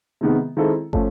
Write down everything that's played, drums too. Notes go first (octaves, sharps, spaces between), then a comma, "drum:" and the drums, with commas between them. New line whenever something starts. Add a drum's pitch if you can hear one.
C3 D#3 G#3 B3
D#3 G#3 C4 E4 A4
F3 A3 C#4, drum: kick